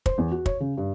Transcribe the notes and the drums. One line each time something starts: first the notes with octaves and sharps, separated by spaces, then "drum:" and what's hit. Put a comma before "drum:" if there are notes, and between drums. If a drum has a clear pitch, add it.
C5, drum: kick
E2
F#4
C#5, drum: kick
C#3
G2